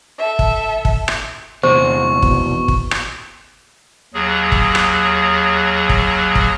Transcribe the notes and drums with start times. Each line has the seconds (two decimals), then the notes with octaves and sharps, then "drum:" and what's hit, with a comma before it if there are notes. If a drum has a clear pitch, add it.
0.19 A4 E5
0.39 drum: kick
0.85 drum: kick
1.08 drum: rim click
1.63 E2 C3 C5 C#6
2.22 B2, drum: kick
2.68 drum: kick
2.91 drum: rim click
4.14 D#2 F#3 G#4
4.52 drum: kick
4.75 drum: rim click
5.89 drum: kick
6.35 drum: kick